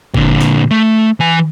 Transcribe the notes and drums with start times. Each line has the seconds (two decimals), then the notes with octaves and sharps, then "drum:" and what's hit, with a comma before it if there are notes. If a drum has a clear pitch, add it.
0.14 A#2 D3, drum: kick F#1
0.41 drum: snare
0.71 A3
1.20 E3 G#5